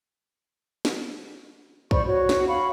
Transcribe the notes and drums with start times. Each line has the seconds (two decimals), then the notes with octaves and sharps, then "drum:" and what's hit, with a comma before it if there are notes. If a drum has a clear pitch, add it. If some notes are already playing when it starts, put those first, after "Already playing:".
0.85 drum: snare
1.91 C5 D5 B5 C#6, drum: kick B1
2.06 F#4 C#5
2.29 drum: snare
2.47 F5 F#5 B5 C#6